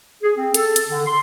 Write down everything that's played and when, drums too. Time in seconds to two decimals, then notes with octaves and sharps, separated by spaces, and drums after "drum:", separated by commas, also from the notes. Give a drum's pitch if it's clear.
0.23 G#4
0.37 C4
0.54 A4, drum: hi-hat
0.76 drum: hi-hat
0.88 D3
1.06 C6